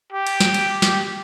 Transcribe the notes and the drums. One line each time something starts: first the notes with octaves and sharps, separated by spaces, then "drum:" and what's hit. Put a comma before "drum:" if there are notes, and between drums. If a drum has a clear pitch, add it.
G4
drum: cymbal
drum: snare
drum: cymbal
drum: snare